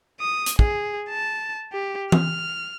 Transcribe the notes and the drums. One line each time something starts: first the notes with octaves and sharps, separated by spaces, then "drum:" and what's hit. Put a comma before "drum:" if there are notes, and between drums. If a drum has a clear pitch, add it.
D#6
drum: hi-hat
G#4, drum: kick
A5
G4
F6, drum: tom E3